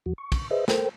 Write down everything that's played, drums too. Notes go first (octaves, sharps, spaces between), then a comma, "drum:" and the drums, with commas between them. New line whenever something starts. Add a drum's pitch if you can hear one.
E2 F3 F#4
C#6
drum: kick, cymbal
G#4 B4 C5 D#5 E5
A4 A#4 C5 G5, drum: snare